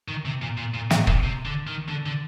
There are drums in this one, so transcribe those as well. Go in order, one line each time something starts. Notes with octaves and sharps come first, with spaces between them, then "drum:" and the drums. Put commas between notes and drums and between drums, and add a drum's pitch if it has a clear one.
D#3
C3
A#2
A#2
A#2
A2, drum: snare
A#2, drum: kick
C3
D3
D#3
D3
D3